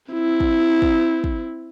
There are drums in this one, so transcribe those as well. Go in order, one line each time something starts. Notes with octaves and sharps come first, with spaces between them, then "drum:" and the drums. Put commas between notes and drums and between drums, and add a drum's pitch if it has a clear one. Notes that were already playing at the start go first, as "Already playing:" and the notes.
C4 E4
drum: kick
drum: kick
drum: kick